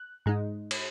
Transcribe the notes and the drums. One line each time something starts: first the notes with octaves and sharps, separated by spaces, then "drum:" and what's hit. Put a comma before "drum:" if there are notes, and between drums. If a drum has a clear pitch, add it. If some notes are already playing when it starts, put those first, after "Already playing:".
Already playing: F#6
G#2 G#3 D#4
drum: cymbal